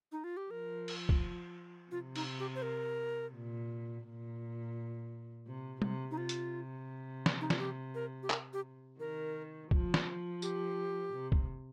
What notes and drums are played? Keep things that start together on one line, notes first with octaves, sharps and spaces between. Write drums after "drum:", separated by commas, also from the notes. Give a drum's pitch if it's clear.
D#4
F4
G4
F3 A#4
drum: cymbal
drum: kick
C3 F4
D#4, drum: cymbal
G4
C5
A#4
A#2
A#2
C3
C3, drum: tom
D#4
C3 F4
drum: hi-hat
drum: snare
D#4
F4, drum: snare
G4
A#4
G4
A#4, drum: clap
G4
D#3 A#4
F3, drum: kick
drum: snare
F3
G4, drum: tambourine
C3
drum: kick